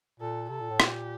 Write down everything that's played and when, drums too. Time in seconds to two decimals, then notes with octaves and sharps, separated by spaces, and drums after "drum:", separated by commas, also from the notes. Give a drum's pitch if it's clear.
0.20 A#2 A4
0.50 C3 A4
0.61 A#2
0.71 A2
0.80 A#2 G4, drum: rim click